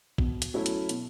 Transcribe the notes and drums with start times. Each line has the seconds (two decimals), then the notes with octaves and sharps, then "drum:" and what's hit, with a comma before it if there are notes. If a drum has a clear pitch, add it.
0.18 B2, drum: kick
0.42 drum: hi-hat
0.54 F#3 A3 C#4 E4
0.66 drum: hi-hat
0.89 B2, drum: hi-hat